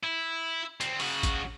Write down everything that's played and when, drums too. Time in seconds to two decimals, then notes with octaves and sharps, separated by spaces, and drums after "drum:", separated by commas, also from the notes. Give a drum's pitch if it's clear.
0.04 E4
0.81 D2 C4, drum: hi-hat
1.00 C#3 F#4, drum: open hi-hat
1.23 drum: kick, hi-hat